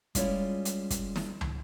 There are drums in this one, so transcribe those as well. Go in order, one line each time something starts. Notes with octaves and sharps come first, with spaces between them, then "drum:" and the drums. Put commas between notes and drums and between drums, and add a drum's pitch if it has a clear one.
G3 G#3 C#4 E4 F4, drum: kick, hi-hat
drum: hi-hat
drum: kick, hi-hat
drum: snare
drum: tom